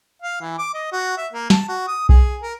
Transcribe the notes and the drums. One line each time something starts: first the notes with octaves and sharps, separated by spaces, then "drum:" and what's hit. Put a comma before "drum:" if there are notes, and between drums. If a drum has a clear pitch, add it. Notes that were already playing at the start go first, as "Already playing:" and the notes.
F5
E3
D6
D#5
F#4
E5
A#3
A5, drum: snare
F#4
D#6
G#4, drum: kick B1
A#4